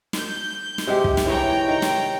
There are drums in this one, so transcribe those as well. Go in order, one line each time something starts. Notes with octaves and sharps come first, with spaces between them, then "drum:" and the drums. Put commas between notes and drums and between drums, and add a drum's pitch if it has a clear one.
G6, drum: snare
drum: snare
C3 G#3 G4
drum: kick
drum: snare
E3 C#5 G5 A#5
D#3
drum: snare